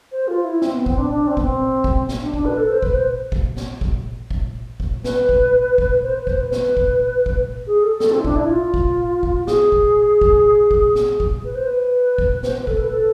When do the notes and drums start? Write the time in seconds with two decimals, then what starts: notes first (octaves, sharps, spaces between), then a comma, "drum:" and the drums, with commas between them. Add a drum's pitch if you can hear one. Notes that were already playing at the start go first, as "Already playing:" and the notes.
0.12 C5
0.28 F4
0.44 E4
0.62 C4, drum: snare
0.73 B3
0.86 C4, drum: kick
0.98 D4
1.11 D4
1.27 C4
1.37 B3, drum: kick
1.43 C4
1.84 drum: kick
2.09 drum: snare
2.21 D4
2.34 D4, drum: kick
2.45 B4
2.58 A4
2.70 C5
2.82 B4, drum: kick
2.95 C5
3.32 drum: kick
3.57 drum: snare
3.81 drum: kick
4.31 drum: kick
4.80 drum: kick
5.04 B4, drum: snare
5.29 drum: kick
5.78 drum: kick
6.03 C5
6.15 B4
6.27 C5, drum: kick
6.40 B4
6.52 drum: snare
6.77 drum: kick
7.26 drum: kick
7.67 G#4
7.83 A4
8.00 A4, drum: snare
8.12 C4
8.19 E4
8.25 D4, drum: kick
8.36 E4
8.49 F4
8.74 drum: kick
9.23 drum: kick
9.42 F4
9.47 G#4, drum: snare
9.72 drum: kick
10.21 drum: kick
10.71 drum: kick
10.95 drum: snare
11.20 drum: kick
11.45 B4
11.55 C5
11.66 B4
12.18 drum: kick
12.43 C5, drum: snare
12.55 B4
12.67 A4, drum: kick
12.80 B4
12.92 A4